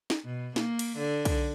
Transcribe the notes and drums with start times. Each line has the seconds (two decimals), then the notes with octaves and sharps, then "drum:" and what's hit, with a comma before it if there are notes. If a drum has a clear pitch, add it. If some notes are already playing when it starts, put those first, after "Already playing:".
0.10 drum: snare
0.25 B2
0.56 A#3, drum: snare
0.79 drum: cymbal
0.98 D3
1.25 drum: kick, cymbal